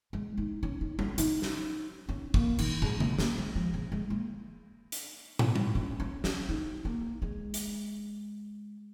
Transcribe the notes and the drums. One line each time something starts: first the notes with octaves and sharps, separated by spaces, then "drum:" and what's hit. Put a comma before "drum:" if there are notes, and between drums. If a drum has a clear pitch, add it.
G#3
D#4
C#4
D#4
C#4, drum: tom G3
D#4, drum: hi-hat
drum: snare
C#4
A#3, drum: kick
D#3, drum: cymbal
G#3, drum: tom
A#3, drum: tom C#3
A#3, drum: snare
G#3
F3
C#3
G#3
A#3
drum: hi-hat
drum: tom
drum: tom G3
C#4
C#4
C#4, drum: snare
D#4
A#3
G#3
drum: hi-hat